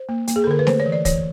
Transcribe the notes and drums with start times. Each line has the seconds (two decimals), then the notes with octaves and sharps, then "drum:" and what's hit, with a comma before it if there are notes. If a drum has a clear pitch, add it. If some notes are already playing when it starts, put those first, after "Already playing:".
Already playing: C5
0.09 A#3
0.27 A#3, drum: hi-hat
0.36 G#4
0.44 A4
0.47 D3 A#4
0.59 B4
0.67 A3 C5, drum: snare
0.80 C#5
0.86 E3
0.92 D5
1.05 E3 C#5, drum: kick, hi-hat